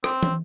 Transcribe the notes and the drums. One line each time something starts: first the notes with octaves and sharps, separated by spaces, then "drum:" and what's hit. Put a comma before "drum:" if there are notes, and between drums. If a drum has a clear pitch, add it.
C4, drum: rim click
drum: tom